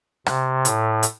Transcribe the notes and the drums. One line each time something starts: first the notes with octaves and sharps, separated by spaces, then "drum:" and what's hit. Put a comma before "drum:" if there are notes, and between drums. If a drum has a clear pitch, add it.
C3, drum: rim click
A2, drum: hi-hat
drum: hi-hat